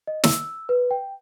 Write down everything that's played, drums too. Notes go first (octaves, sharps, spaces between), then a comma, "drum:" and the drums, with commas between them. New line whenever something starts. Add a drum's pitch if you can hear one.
D#5
E6, drum: snare
B4
G5